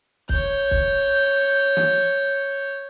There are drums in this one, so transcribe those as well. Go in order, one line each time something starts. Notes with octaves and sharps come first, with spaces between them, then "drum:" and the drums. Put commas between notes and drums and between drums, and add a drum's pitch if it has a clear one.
C#5 G6, drum: kick
drum: kick
drum: snare